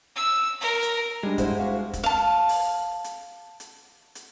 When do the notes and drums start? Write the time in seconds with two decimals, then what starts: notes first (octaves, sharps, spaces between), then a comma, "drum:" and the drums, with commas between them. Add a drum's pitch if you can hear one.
0.16 E6
0.61 A#4
0.83 drum: hi-hat
1.23 G3 G#3 D4
1.38 E4 C5 F#5, drum: kick, hi-hat
1.60 F#4 F5
1.93 drum: kick, hi-hat
2.04 F5 A5
2.49 drum: open hi-hat
3.04 drum: hi-hat
3.60 drum: hi-hat
4.15 drum: hi-hat